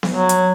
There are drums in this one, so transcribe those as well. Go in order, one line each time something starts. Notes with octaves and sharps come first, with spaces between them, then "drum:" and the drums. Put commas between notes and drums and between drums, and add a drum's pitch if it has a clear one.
drum: snare B3
F#3
drum: hi-hat